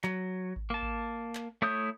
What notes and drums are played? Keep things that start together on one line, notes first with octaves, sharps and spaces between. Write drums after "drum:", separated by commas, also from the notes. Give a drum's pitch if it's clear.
F#3, drum: clap
drum: kick G#1
A#3 A5
drum: kick G#1
drum: clap
A3 E4 C#5 D#6 G6